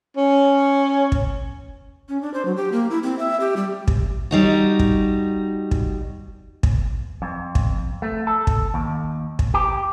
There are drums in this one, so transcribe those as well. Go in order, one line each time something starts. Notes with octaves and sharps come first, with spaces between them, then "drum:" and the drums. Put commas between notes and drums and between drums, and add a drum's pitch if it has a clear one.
C#4
drum: kick
C#4
D4
C5
F#3
G4
A#3
E4
C4
E5
G4
G3
drum: kick
G3 D#4 F#4
drum: kick
drum: kick
drum: kick
F2
drum: kick
A3
A4
drum: kick
D#2
drum: kick
G4